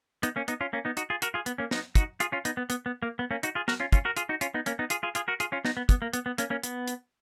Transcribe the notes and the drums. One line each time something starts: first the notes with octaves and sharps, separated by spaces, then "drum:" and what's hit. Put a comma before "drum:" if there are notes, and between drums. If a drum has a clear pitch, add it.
B3 D#4, drum: hi-hat
A#3 C#4
B3 D#4, drum: hi-hat
C#4 F4
A#3 C#4
B3 D#4
D#4 F#4, drum: hi-hat
F4 G#4
F#4 A#4, drum: hi-hat
F4 G#4
B3, drum: hi-hat
A#3 C#4
B3 D#4, drum: snare
D#4 F#4, drum: kick, hi-hat
F4 G#4, drum: hi-hat
C#4 F4
B3 D#4, drum: hi-hat
B3
B3, drum: hi-hat
B3
A#3
B3
A#3 C#4
D#4 F#4, drum: hi-hat
F4 G#4
F#4 A#4, drum: snare
C#4 F4
C#4 F4, drum: kick, hi-hat
F#4 A#4
F4 G#4, drum: hi-hat
D#4 F#4
C#4 F4, drum: hi-hat
B3 D#4
A#3 C#4, drum: hi-hat
B3 D#4
F4 G#4, drum: hi-hat
F4 G#4
F4 G#4, drum: hi-hat
F#4 A#4
F4 G#4, drum: hi-hat
C#4 F4
B3 D#4, drum: snare
B3
B3, drum: kick, hi-hat
A#3
B3, drum: hi-hat
B3
A#3 C#4, drum: hi-hat
A#3 C#4
B3, drum: hi-hat
drum: hi-hat